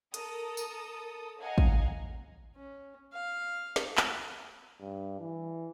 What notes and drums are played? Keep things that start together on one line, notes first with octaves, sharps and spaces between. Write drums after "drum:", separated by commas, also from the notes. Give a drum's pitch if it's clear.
A4 A#4 D#6, drum: hi-hat
drum: tambourine
D#5 F5 F#5 G#5 A#5
drum: kick
C#4
F5
drum: snare
drum: clap
G2
E3